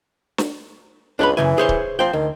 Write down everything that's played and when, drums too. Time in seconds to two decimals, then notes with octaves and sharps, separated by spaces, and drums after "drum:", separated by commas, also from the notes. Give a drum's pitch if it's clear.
0.38 drum: snare
1.19 C#2 D4 B4 B5
1.37 F#2 C#3 E3 G#5
1.58 G#4 C5 C#5
1.69 drum: kick C#1
1.99 F3 C5 G5
2.13 D2 D#3